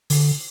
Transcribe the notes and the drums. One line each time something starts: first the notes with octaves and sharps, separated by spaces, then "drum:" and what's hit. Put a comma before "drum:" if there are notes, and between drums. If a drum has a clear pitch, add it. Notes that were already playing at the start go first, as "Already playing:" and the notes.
D3, drum: open hi-hat